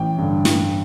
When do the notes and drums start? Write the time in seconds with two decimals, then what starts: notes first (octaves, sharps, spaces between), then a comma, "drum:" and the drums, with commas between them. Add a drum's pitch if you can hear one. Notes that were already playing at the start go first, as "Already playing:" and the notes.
Already playing: A1 G5
0.18 G2 D3
0.45 A1, drum: snare